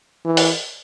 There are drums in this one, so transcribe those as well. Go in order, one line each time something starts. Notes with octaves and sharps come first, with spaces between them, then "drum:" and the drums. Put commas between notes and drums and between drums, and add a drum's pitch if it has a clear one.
E3
drum: open hi-hat